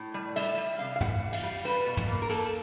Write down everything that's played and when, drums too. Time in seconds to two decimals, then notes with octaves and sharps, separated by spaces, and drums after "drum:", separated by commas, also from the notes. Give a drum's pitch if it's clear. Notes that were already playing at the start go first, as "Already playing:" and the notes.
Already playing: A2
0.14 G3
0.36 G3 E5, drum: cymbal
0.57 G3
0.79 C3 F5
0.96 F5
1.01 E3 F#5, drum: tom
1.23 E3
1.33 F5, drum: cymbal
1.43 G3
1.64 G3 B4, drum: cymbal
1.86 B2
1.97 drum: tom
2.08 A#3
2.22 A#4
2.29 A#3 A4, drum: cymbal